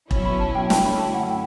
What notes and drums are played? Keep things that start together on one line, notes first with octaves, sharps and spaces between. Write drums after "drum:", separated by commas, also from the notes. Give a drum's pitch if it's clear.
B2 F#3 C#4 E4, drum: kick E1
B5
A5
G5
F#2 D3 A3 C#4 E4 A5, drum: snare
B5
A5
F#5
G5